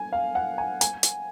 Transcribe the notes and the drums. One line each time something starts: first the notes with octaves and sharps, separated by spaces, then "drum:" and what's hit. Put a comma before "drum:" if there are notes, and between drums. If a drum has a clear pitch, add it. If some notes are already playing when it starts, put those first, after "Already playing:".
Already playing: G#5
F5
F#5
G#5
G#5, drum: hi-hat
drum: hi-hat